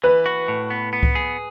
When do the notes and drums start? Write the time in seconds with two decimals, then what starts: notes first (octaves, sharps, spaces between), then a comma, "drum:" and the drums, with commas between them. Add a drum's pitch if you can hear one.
0.03 E3 B4
0.26 F#4
0.48 A2
0.70 B3
0.93 B3
1.03 drum: kick C2
1.15 G#4